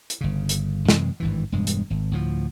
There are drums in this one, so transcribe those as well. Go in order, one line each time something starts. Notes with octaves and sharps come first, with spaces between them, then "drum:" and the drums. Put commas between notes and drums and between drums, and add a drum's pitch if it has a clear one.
drum: hi-hat
G1 C#3
drum: hi-hat
F#2 C3 E3 G#3, drum: snare
G#1 G2 E3
E1 G2 G#3
drum: hi-hat
G#1
D2 A2 D#3 F3